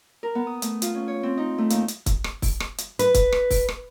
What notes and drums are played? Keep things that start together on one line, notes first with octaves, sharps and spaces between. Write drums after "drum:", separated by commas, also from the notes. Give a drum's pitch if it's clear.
A#4
B3
D#6
A3, drum: hi-hat
F4, drum: hi-hat
C#4
C#5
C4
D#4
A3
D#2, drum: hi-hat
drum: hi-hat
drum: kick, hi-hat
drum: rim click
drum: kick, open hi-hat
drum: rim click
drum: hi-hat
B4, drum: hi-hat
drum: kick, hi-hat
drum: rim click
drum: kick, open hi-hat
drum: rim click